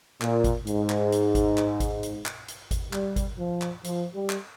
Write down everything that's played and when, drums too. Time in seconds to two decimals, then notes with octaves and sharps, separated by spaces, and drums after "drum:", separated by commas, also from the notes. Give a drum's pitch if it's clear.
0.21 A#2, drum: clap
0.44 drum: kick G#1, hi-hat
0.67 G#2, drum: hi-hat
0.90 drum: clap
1.12 drum: hi-hat
1.35 drum: kick G#1, hi-hat
1.58 drum: clap
1.80 drum: kick G#1, hi-hat
2.03 drum: hi-hat
2.26 drum: clap
2.48 drum: hi-hat
2.71 drum: kick G#1, hi-hat
2.93 G3, drum: clap
3.16 drum: kick G#1, hi-hat
3.39 F3
3.62 drum: clap
3.84 F3, drum: hi-hat
4.15 G3
4.30 drum: clap